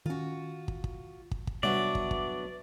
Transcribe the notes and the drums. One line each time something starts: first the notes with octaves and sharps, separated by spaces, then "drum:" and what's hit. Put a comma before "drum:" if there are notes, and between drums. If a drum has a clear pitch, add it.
D#3 C#4 F4 F#4
drum: kick
drum: kick
drum: kick
drum: kick
C3 F#3 G3 B3 D4 D5 E5
drum: kick
drum: kick